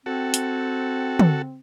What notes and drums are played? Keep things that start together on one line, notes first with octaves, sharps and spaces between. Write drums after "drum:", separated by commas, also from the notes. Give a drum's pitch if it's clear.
C4 F#4 A4
drum: hi-hat
drum: tom